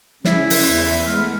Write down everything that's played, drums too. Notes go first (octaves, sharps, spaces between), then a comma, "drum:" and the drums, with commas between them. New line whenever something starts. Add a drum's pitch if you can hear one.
C#3 E4, drum: snare
drum: open hi-hat
E2
G#3 A3 B3 F6